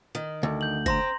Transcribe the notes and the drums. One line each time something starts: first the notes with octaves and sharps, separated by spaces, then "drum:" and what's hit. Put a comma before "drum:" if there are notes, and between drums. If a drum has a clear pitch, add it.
D#3
D2
G6 F#7
C4 A#5 C6 A#6, drum: kick F1